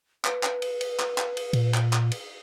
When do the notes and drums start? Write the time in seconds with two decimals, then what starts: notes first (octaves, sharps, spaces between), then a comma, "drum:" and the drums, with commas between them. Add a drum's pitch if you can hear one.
0.25 B4, drum: clap
0.43 drum: clap
0.62 drum: cymbal
0.81 drum: cymbal
0.99 drum: clap
1.18 drum: clap
1.37 drum: cymbal
1.53 A#2, drum: cymbal
1.74 drum: clap
1.93 drum: clap
2.12 drum: cymbal